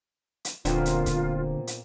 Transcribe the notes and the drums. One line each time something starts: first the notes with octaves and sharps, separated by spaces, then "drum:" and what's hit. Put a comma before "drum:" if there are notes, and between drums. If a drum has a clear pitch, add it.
drum: hi-hat
D#1 A#2 D3 B3 C4 F4, drum: hi-hat
drum: hi-hat
drum: kick C#1, hi-hat
drum: hi-hat